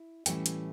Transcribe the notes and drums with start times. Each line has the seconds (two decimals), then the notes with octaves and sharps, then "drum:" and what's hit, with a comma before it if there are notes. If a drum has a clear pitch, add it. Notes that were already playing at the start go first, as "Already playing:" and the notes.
Already playing: E4
0.26 A2 E3 G3 C#4 E4 G5, drum: hi-hat
0.46 drum: hi-hat